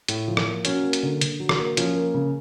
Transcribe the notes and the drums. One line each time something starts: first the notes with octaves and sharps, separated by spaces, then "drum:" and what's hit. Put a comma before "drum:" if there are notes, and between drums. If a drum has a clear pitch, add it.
A2, drum: hi-hat
F3
drum: rim click
A#3
F#3 C#4, drum: hi-hat
A#3
drum: hi-hat
D3
D3, drum: hi-hat
F#3
drum: rim click
A#3
F3 C#4, drum: hi-hat
A#3
C#3